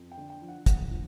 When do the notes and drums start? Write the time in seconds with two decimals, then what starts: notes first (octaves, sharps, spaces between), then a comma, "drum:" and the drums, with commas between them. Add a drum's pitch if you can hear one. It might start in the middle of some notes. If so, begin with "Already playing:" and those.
Already playing: F2
0.11 G5
0.17 D3
0.30 G5
0.42 F3
0.48 F#5
0.66 D2 F#5, drum: kick, hi-hat
0.91 F3